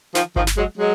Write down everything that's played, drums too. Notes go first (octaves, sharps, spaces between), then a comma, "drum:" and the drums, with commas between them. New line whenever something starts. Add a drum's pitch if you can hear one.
D#3 F3, drum: snare
D#3 F3, drum: kick G1
drum: snare
F#3 G#3
F#3 G#3